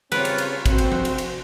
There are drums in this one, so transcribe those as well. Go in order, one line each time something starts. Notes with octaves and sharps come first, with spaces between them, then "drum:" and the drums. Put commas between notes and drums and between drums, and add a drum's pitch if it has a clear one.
C#3 G3 C4 F4 A#4 B4 C#5, drum: cymbal
drum: cymbal
drum: cymbal
C3 A3 C4 F#4 C5, drum: kick, cymbal
drum: cymbal
drum: tom F3
drum: cymbal
drum: cymbal